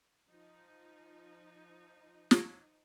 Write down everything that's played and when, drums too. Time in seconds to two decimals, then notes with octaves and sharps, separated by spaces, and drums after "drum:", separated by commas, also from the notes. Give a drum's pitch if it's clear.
0.30 F3 D#4
2.31 drum: snare